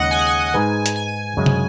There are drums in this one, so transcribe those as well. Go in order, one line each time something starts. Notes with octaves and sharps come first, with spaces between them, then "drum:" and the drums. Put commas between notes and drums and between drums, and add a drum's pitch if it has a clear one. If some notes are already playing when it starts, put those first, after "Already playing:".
Already playing: D#2 C#3 G#3 D#5 F#5
G#5
F#5
G#5
G#2 G#3 D#4 G#4 B4
drum: hi-hat
G#5
F#2 C#3 G#3
drum: tom